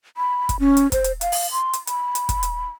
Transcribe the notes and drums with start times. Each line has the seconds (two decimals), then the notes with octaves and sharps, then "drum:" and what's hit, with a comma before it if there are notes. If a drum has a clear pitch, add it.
0.17 B5
0.49 drum: kick, hi-hat
0.60 C#4
0.77 drum: hi-hat
0.92 C5, drum: kick, hi-hat
1.04 drum: hi-hat
1.21 F5, drum: hi-hat
1.32 drum: open hi-hat
1.52 C6
1.73 drum: hi-hat
1.87 B5, drum: hi-hat
2.15 drum: hi-hat
2.29 drum: kick, hi-hat
2.43 drum: hi-hat